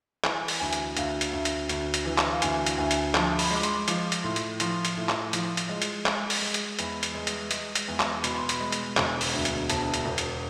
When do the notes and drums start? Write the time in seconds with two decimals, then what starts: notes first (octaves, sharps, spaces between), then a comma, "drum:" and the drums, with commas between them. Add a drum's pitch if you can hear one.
0.24 E3 G#5, drum: clap
0.48 drum: open hi-hat
0.60 D2 G#5
0.73 drum: hi-hat
0.97 D2 F5, drum: hi-hat
1.21 drum: hi-hat
1.33 D2
1.45 drum: hi-hat
1.69 D2, drum: hi-hat
1.94 drum: hi-hat
2.05 E3
2.18 drum: clap
2.33 F5
2.42 D2 G#5, drum: hi-hat
2.66 drum: hi-hat
2.78 D2 G#5
2.91 drum: hi-hat
3.15 F3 A5, drum: clap
3.39 B5, drum: open hi-hat
3.51 G#3 D6
3.63 C6, drum: hi-hat
3.88 F3 D6, drum: hi-hat
4.12 drum: hi-hat
4.24 A2 C6
4.36 drum: hi-hat
4.60 F3 C6, drum: hi-hat
4.85 drum: hi-hat
4.97 A2
5.09 drum: clap
5.33 F3, drum: hi-hat
5.57 drum: hi-hat
5.69 G#3
5.82 drum: hi-hat
6.06 G#3, drum: clap
6.30 drum: open hi-hat
6.42 G#3
6.54 drum: hi-hat
6.79 E2 B5, drum: hi-hat
7.03 drum: hi-hat
7.15 G#3
7.27 drum: hi-hat
7.51 G#3, drum: hi-hat
7.75 drum: hi-hat
7.88 E2
8.00 drum: clap
8.24 B2 B5, drum: hi-hat
8.37 C6
8.49 B5, drum: hi-hat
8.61 G#3
8.72 drum: hi-hat
8.97 E1, drum: clap
9.21 drum: open hi-hat
9.33 D2
9.45 drum: hi-hat
9.70 E1 A5, drum: hi-hat
9.94 drum: hi-hat
10.06 E1
10.18 drum: hi-hat